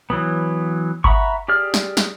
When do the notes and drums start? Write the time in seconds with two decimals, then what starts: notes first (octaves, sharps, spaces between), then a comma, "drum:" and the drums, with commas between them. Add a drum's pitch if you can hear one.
0.10 E3 F#3 B3
1.04 E5 F#5 A#5 B5 C#6, drum: kick G1
1.48 G4 G#4 D5 F6
1.74 drum: snare
1.97 drum: snare